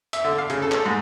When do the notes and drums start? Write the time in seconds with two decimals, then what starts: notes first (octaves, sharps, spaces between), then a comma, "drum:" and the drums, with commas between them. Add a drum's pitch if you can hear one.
0.13 E5, drum: hi-hat
0.24 D3
0.38 F5
0.50 C#3, drum: hi-hat
0.62 A4
0.72 drum: clap
0.86 G#2